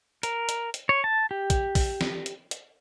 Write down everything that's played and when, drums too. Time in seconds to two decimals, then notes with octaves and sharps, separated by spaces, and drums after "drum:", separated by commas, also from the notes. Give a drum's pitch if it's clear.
0.23 A#4, drum: hi-hat
0.49 drum: hi-hat
0.74 drum: hi-hat
0.89 C#5
1.04 A5
1.31 G4
1.50 drum: kick, hi-hat
1.75 drum: kick, open hi-hat
2.01 drum: snare
2.26 drum: hi-hat
2.51 drum: hi-hat